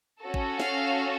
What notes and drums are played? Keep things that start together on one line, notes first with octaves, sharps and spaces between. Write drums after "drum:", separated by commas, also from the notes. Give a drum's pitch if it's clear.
C#4 F#4 A4
drum: kick G#1
F5, drum: snare